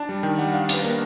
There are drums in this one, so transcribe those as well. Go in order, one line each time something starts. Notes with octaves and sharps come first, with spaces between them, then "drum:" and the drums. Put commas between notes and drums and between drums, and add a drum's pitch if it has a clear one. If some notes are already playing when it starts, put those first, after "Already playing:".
Already playing: D4 A5
G3
D#3 G5
G3 F#5
D4 F5
F5
D4 B4, drum: hi-hat
A#3 A#4